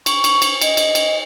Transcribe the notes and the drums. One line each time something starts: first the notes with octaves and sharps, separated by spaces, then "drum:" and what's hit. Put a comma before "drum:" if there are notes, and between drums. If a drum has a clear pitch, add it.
C#6, drum: cymbal
drum: cymbal
drum: cymbal
D#5, drum: cymbal
drum: cymbal
drum: cymbal